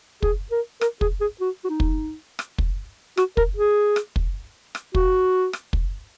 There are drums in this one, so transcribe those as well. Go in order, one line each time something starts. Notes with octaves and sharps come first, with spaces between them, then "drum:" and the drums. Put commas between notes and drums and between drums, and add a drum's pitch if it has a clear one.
G#4, drum: kick
A#4
A#4, drum: rim click
G#4, drum: kick
G#4
F#4
F#4
D#4
drum: kick
drum: rim click
drum: kick
F#4, drum: rim click
A#4, drum: kick
G#4
drum: rim click
drum: kick
drum: rim click
F#4, drum: kick
drum: rim click
drum: kick